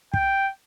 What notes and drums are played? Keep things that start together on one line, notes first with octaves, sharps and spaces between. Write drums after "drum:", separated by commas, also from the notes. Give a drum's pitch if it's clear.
G5, drum: kick